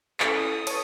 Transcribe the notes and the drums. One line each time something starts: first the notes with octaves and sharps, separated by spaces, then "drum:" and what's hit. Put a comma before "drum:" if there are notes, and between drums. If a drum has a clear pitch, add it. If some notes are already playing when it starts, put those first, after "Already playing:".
C#4 E4 A4 G#5, drum: clap
D#6
B4 C#5 A5 D#6, drum: cymbal